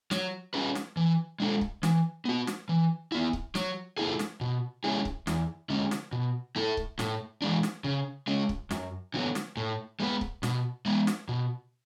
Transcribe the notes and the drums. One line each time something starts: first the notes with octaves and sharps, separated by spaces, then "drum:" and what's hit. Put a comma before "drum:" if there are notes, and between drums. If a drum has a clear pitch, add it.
F#3, drum: snare
C#4 G#4 B4
drum: snare
E3
G#3 D4 A4
drum: kick C#1
E3, drum: snare
B3 F#4
drum: snare
E3
B3 E4
drum: kick C#1
F#3, drum: snare
A3 E4 G#4
drum: snare
B2
G#3 C#4 E4 G#4
drum: kick C#1
E2, drum: snare
D3 G#3 C#4
drum: snare
B2
A3 E4 A4
drum: kick C#1
A2, drum: snare
E3 G#3 D4
drum: snare
C#3
G#3 C#4
drum: kick C#1
F#2, drum: snare
D3 F#3 B3
drum: snare
A2
G#3 B3 E4 B4
drum: kick C#1
B2, drum: snare
G#3 B3
drum: snare
B2